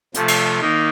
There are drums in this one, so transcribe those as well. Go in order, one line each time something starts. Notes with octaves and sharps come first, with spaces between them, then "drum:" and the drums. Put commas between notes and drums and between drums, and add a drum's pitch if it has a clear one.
C3 F3 A3, drum: hi-hat
drum: cymbal
D#3 A#3 D#4